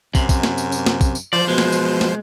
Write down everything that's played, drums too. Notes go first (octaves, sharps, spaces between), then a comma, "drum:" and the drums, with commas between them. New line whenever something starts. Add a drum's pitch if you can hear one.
F#2 C3, drum: kick, tambourine
drum: kick, tambourine
drum: snare
drum: tambourine
drum: tambourine
drum: snare
drum: kick, tambourine
drum: tambourine
F3 C5 D5
B2 G#3
drum: snare
drum: tambourine
drum: snare